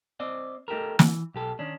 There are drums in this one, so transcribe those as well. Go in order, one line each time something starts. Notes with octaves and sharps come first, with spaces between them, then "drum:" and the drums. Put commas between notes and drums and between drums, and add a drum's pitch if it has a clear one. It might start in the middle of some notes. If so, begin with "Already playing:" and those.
C4 C5 D5 D#5
A3 D#4 G4 A4 A#4
E3, drum: snare
B1 G4 A4
D#3 C#4 D4